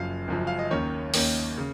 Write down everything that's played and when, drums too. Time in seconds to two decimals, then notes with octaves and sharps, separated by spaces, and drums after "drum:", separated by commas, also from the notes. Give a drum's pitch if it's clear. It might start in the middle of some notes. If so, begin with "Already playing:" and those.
Already playing: F#1 F#2 F3 F5
0.28 F#1 F#2 F3
0.47 F5
0.59 D#5
0.71 D#2 D#3 A#3 C#4 C#5
1.14 D#2 D#3 A#3 C#4, drum: open hi-hat
1.58 C#3